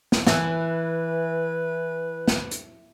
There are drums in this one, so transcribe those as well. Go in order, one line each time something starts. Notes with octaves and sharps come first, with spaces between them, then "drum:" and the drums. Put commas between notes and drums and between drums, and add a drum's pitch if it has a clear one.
drum: snare
E3 B4, drum: snare
drum: snare
drum: hi-hat